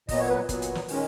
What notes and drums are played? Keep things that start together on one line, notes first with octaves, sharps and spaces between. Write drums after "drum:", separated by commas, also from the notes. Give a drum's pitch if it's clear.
A#2 F#3 B3 D#5, drum: kick G1, open hi-hat
C#5
B4
A#2 F#3 B3, drum: kick G1, hi-hat
drum: hi-hat
drum: snare
D#3 G#3 C#4, drum: open hi-hat